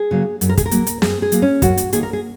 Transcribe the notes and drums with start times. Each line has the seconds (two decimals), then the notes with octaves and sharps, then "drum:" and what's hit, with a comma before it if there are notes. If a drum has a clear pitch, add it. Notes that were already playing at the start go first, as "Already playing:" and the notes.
Already playing: G#4
0.11 C#3 F#3 A#3
0.41 F#2, drum: hi-hat
0.49 A#4
0.57 G#4, drum: kick, hi-hat
0.66 A#4
0.71 F#3 A#3, drum: hi-hat
0.87 drum: hi-hat
1.02 F#2 G#4, drum: snare
1.22 G#4
1.32 F#3 A#3, drum: hi-hat
1.42 C#4
1.62 F#2 F#4, drum: kick, hi-hat
1.77 drum: hi-hat
1.93 D#3 A#3 G#4, drum: hi-hat
2.03 A#4
2.13 G#4